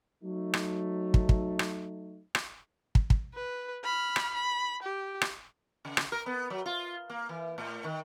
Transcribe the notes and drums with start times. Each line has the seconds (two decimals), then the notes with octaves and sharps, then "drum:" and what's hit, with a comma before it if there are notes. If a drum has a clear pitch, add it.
0.23 F#3 A3 D#4
0.54 drum: rim click
1.14 drum: kick
1.29 drum: kick
1.59 drum: rim click
2.35 drum: rim click
2.95 drum: kick
3.10 drum: kick
3.34 B4
3.84 B5 F6
4.16 drum: rim click
4.34 B5
4.83 G4
5.21 drum: rim click
5.85 C#3
5.97 drum: rim click
6.12 A#4
6.26 B3
6.50 F#3
6.66 F4
7.10 A#3
7.29 E3
7.58 A2
7.84 D#3